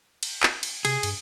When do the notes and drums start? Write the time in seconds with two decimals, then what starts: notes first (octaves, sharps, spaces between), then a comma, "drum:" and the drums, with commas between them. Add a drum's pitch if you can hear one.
0.23 drum: cymbal
0.43 drum: clap
0.63 drum: cymbal
0.85 C3 G#4, drum: cymbal
1.03 G2, drum: cymbal